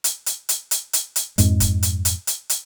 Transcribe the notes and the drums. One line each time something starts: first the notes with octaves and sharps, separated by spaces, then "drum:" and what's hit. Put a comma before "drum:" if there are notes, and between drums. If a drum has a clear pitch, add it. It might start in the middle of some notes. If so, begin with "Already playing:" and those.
drum: hi-hat
drum: hi-hat
drum: hi-hat
drum: hi-hat
drum: hi-hat
drum: hi-hat
F2 G#2 G#3, drum: hi-hat
drum: kick, hi-hat
drum: hi-hat
drum: hi-hat
drum: hi-hat
drum: hi-hat